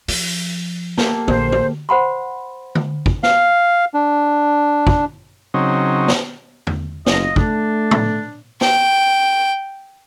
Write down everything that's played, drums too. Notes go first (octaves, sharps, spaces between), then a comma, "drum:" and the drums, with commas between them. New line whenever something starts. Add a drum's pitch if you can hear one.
F3, drum: open hi-hat
A#3 G4 A4, drum: snare
A#1 C5, drum: tom
drum: tom
C5 F#5 B5 C6
drum: tom D3
drum: kick
F5, drum: snare
D4
drum: kick
C#3 F#3 C4 D#4
drum: snare
drum: tom E2
F#1 F4 D#5, drum: snare
A3 D4, drum: kick
drum: tom A2
G5, drum: snare